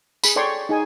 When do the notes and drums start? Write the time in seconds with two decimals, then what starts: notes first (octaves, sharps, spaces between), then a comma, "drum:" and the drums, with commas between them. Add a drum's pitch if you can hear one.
0.24 G#4 B5, drum: tambourine
0.36 A4 C#5 D5 G5 C6 C#6
0.69 D#4 G#4 G#5